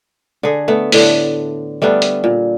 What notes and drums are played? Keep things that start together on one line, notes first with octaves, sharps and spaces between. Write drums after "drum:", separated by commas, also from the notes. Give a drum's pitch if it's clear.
D3 G#4
A3 B3
A2 D3 D4, drum: open hi-hat
G3 A3 B3 D4
drum: hi-hat
A#2